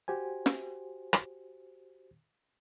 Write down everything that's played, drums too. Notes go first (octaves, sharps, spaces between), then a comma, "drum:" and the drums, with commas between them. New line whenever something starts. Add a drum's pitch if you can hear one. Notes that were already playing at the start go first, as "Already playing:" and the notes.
F#4 G4 C5 G#5
drum: snare
drum: rim click